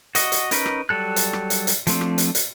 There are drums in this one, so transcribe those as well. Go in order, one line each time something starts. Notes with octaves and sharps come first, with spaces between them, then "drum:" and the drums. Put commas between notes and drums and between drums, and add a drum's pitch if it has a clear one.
F#4 D#5, drum: hi-hat
drum: hi-hat
C#4 D#4 A#4 B4, drum: hi-hat
drum: rim click
F#3 G3 A4 F#6
drum: hi-hat
drum: rim click
drum: hi-hat
drum: hi-hat
F3 A3 C4 D4, drum: hi-hat
drum: rim click
drum: hi-hat
drum: hi-hat